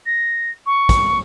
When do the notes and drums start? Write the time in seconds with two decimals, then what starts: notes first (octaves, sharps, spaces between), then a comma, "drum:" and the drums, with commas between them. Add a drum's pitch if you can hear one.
0.06 A#6
0.66 C#6
0.89 drum: kick, hi-hat